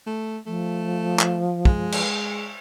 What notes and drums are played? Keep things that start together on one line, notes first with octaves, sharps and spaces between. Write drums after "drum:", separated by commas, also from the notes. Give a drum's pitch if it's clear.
A3
F3 A3
drum: clap
G#3, drum: kick
drum: cymbal